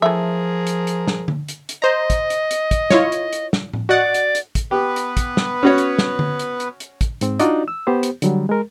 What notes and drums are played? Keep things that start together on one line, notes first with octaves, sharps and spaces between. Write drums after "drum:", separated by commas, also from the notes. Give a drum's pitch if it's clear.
E3 F3 A3 G#4 A#4 E5
drum: hi-hat
drum: hi-hat
drum: snare
drum: tom D3
drum: hi-hat
drum: hi-hat
C5 D#5 A#5
drum: kick, hi-hat
drum: hi-hat
drum: hi-hat
drum: kick, hi-hat
E4 F4 C#5, drum: snare
drum: hi-hat
drum: hi-hat
drum: snare
drum: tom A2
F#4 D5 D#5 F#5
drum: hi-hat
drum: hi-hat
drum: kick, hi-hat
B3 G4 B4
drum: hi-hat
drum: kick, hi-hat
drum: snare
C#4 F#4 C#5
drum: hi-hat
drum: snare
drum: tom D3
drum: hi-hat
drum: hi-hat
drum: hi-hat
drum: kick, hi-hat
G#2 C4, drum: hi-hat
D4 D#4 F4 F#4 D5 D#5, drum: hi-hat
E6
B3 G4 C5
drum: hi-hat
D3 F#3 G3, drum: hi-hat
G#3 A#4